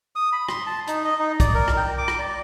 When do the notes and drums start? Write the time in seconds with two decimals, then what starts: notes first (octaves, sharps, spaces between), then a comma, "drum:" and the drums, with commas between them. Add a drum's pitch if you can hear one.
0.16 D#6
0.32 B5
0.49 C6, drum: rim click
0.66 A5
0.87 D#4, drum: hi-hat
1.05 D#5
1.19 D#4
1.40 D5, drum: kick, hi-hat
1.54 A#4
1.68 drum: rim click
1.77 G5
1.98 D6
2.08 drum: rim click
2.19 D5